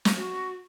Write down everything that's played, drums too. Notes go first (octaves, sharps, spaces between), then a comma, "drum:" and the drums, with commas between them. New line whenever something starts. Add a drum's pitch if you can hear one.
drum: snare
F#4